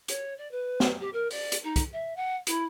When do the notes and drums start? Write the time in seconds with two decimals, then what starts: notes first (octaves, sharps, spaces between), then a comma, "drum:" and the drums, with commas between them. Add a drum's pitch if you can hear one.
0.08 C#5, drum: hi-hat
0.37 D5
0.51 B4
0.80 drum: snare
1.00 G4
1.13 A#4
1.31 D5, drum: open hi-hat
1.52 drum: hi-hat
1.63 D#4
1.76 drum: kick, hi-hat
1.92 E5
2.16 F#5
2.47 E4, drum: hi-hat